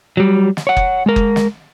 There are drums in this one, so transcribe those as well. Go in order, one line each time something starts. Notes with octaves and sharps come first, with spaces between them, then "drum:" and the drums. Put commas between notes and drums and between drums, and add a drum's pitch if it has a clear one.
F#3 G3
drum: snare
C#5 F#5
drum: kick F#1
G#3 A#4
drum: kick F#1
drum: snare